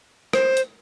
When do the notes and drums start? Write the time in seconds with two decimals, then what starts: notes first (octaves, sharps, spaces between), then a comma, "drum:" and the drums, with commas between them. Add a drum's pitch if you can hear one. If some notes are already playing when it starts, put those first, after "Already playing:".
0.33 C5, drum: rim click
0.57 drum: hi-hat